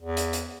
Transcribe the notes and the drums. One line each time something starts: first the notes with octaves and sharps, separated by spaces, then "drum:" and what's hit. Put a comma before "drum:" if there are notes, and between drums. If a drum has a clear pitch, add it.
E2
drum: hi-hat
drum: hi-hat